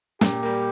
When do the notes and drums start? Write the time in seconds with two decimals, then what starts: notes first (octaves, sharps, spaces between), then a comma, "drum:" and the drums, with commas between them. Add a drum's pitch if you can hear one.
0.21 A#2 G4, drum: snare
0.43 G3 A#3